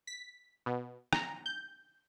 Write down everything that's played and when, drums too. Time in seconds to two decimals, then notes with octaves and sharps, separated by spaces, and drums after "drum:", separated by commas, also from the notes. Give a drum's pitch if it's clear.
0.07 B6
0.66 B2
1.13 A#5, drum: rim click
1.46 G6